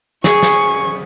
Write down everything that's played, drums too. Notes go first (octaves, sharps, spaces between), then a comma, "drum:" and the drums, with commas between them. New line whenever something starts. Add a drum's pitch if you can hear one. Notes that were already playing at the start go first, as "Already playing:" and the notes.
G#4 C#6, drum: snare
drum: snare